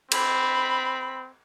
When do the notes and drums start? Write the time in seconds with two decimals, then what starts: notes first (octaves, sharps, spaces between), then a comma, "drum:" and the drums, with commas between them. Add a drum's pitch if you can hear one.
0.12 C4 B5, drum: cymbal